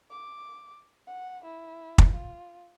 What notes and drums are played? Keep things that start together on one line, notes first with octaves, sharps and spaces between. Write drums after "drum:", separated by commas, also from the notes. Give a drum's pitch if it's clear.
D6
F#5
E4
drum: kick
F4